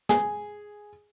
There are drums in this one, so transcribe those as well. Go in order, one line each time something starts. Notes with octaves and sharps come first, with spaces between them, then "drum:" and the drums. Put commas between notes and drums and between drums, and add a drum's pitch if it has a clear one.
G#4, drum: snare